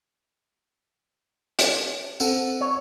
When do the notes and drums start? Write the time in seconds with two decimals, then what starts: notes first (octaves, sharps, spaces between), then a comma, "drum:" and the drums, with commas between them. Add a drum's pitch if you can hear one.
1.59 drum: hi-hat
2.20 C4 A4 F#5, drum: tambourine
2.61 C#5